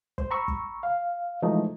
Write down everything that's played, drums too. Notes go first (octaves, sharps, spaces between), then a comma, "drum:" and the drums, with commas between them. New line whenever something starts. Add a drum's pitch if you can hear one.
C5, drum: kick
A#5 B5 C#6 E6
drum: kick
F5
E3 F3 G#3 A3 D#4